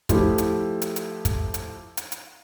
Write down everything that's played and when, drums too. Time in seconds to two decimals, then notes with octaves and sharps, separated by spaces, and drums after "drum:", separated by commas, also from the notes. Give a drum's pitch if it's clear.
0.09 F3 A3 E4 G4, drum: kick, hi-hat
0.38 drum: hi-hat
0.82 drum: hi-hat
0.96 drum: hi-hat
1.25 drum: kick, hi-hat
1.54 drum: hi-hat
1.97 drum: hi-hat
2.12 drum: hi-hat